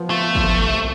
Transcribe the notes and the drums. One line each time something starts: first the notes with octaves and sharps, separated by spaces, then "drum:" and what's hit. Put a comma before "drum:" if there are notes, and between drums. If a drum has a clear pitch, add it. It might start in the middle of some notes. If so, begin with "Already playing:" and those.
Already playing: F3 B3
A3 F4
F3, drum: kick
C2